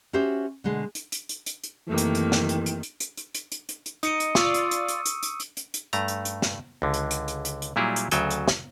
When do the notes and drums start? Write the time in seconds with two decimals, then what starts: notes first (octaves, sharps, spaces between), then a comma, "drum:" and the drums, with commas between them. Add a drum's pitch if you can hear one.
0.13 C#4 F#4 G4 C5 E5
0.64 B2 D3 G#3
0.95 drum: hi-hat
1.12 drum: hi-hat
1.29 drum: hi-hat
1.46 drum: hi-hat
1.64 drum: hi-hat
1.87 F#2 C3 D#3 E3 A3 A#3
1.98 drum: hi-hat
2.15 drum: hi-hat
2.32 drum: snare
2.49 drum: hi-hat
2.66 drum: hi-hat
2.83 drum: hi-hat
3.00 drum: hi-hat
3.17 drum: hi-hat
3.35 drum: hi-hat
3.52 drum: hi-hat
3.69 drum: hi-hat
3.86 drum: hi-hat
4.03 D#4 D#6 C#7 D#7, drum: hi-hat
4.20 drum: hi-hat
4.35 F4 D5 C#6 E6, drum: snare
4.54 drum: hi-hat
4.71 drum: hi-hat
4.88 drum: hi-hat
5.06 drum: hi-hat
5.23 drum: hi-hat
5.40 drum: hi-hat
5.57 drum: hi-hat
5.74 drum: hi-hat
5.93 G2 A3 A#5, drum: hi-hat
6.08 drum: hi-hat
6.25 drum: hi-hat
6.42 drum: snare
6.82 C#2 D3
6.94 drum: hi-hat
7.11 drum: hi-hat
7.28 drum: hi-hat
7.45 drum: hi-hat
7.62 drum: hi-hat
7.76 A#2 F#3 G3 E4 G4 G#4
7.96 drum: hi-hat
8.11 D2 C#3 F#3 A4 G5 G#5, drum: hi-hat
8.30 drum: hi-hat
8.48 drum: snare